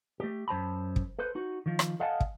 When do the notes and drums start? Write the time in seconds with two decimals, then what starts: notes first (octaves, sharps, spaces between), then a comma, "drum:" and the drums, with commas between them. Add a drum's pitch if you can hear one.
0.20 A3 G4
0.48 F#2 C5 A5 B5
0.96 drum: kick
1.19 A4 B4 C5
1.35 D#4 F#4
1.66 D#3 F3
1.79 drum: rim click
2.00 A4 D#5 F5 F#5 G#5 A5
2.20 drum: kick